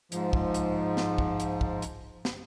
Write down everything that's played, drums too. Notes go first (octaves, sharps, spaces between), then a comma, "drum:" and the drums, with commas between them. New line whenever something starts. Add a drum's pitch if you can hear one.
G#2 F3, drum: hi-hat
drum: kick
drum: hi-hat
drum: snare
drum: kick
drum: hi-hat
drum: kick
drum: hi-hat
drum: snare